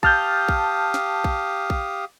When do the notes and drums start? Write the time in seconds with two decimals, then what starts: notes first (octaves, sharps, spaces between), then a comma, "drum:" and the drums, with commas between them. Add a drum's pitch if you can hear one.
0.03 G4 F5 A5 D#6 F6 G6, drum: kick A#1
0.48 drum: kick A#1
0.94 drum: snare
1.24 drum: kick A#1
1.70 drum: kick A#1